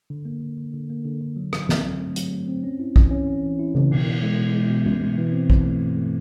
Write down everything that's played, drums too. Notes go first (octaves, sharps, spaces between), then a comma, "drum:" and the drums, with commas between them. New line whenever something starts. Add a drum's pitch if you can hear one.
D3
A#3
D3
D3
D3
A#3
D3
D3
F#3
F#3, drum: rim click
C4, drum: snare
F#3
A3
F#3, drum: hi-hat
A3
C4
C#4
E4
E3, drum: kick
C#4
C#4
E3
E4
E3, drum: tom C#3
B2, drum: cymbal
B2
G#3
B2
G#3
B2
B2, drum: tom B2
B2
E3
C4
E3, drum: kick
A3
G2
A3